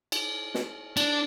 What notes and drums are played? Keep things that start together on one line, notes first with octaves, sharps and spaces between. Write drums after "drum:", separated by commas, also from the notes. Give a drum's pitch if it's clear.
drum: cymbal
drum: snare
D4, drum: cymbal